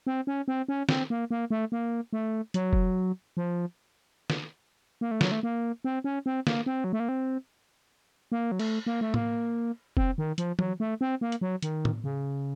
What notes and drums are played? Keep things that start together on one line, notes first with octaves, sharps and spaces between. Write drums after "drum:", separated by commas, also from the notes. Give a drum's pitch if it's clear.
C4
C#4
C4
C#4
C4, drum: snare
A#3
A#3
A3
A#3
A3
F#3, drum: hi-hat
drum: kick F1
F3
drum: snare
A#3
A3
F#3, drum: snare
A3
A#3
C4
C#4
C4
A#3, drum: snare
C4
F#3
A3
A#3
C4
A#3
F#3
A3, drum: cymbal
A#3
A3
A#3, drum: tom A2
C4, drum: kick F1
D#3
F3, drum: hi-hat
F#3, drum: tom E3
A3
C4
A#3
drum: hi-hat
F#3
D#3, drum: hi-hat
drum: tom A2
C#3